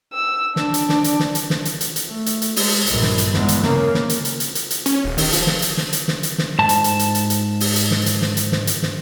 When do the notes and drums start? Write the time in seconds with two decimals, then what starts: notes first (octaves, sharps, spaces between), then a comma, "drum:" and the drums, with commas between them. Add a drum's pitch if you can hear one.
0.13 E6
0.56 D4, drum: snare
0.74 drum: hi-hat
0.89 drum: snare
1.04 drum: hi-hat
1.20 drum: snare
1.35 drum: hi-hat
1.50 drum: snare
1.65 drum: hi-hat
1.81 drum: hi-hat
1.96 drum: hi-hat
2.07 A3
2.26 drum: hi-hat
2.42 drum: hi-hat
2.56 G#3, drum: open hi-hat
2.87 A#1 G2, drum: hi-hat
3.03 drum: snare
3.18 drum: hi-hat
3.34 E2 G#3, drum: snare
3.48 drum: hi-hat
3.63 C#3 A#3, drum: snare
3.94 drum: snare
4.09 drum: hi-hat
4.25 drum: hi-hat
4.40 drum: hi-hat
4.55 drum: hi-hat
4.71 drum: hi-hat
4.86 C#4, drum: hi-hat
5.04 D#1
5.18 D#3, drum: open hi-hat
5.33 F3, drum: hi-hat
5.47 drum: snare
5.62 drum: hi-hat
5.77 drum: snare
5.93 drum: hi-hat
6.08 drum: snare
6.23 drum: hi-hat
6.38 drum: snare
6.59 G#2 A5
6.69 drum: hi-hat
6.84 drum: hi-hat
6.99 drum: hi-hat
7.15 drum: hi-hat
7.30 drum: hi-hat
7.60 drum: open hi-hat
7.76 drum: hi-hat
7.91 drum: snare
8.06 drum: hi-hat
8.21 drum: snare
8.37 drum: hi-hat
8.52 drum: snare
8.67 drum: hi-hat
8.83 drum: snare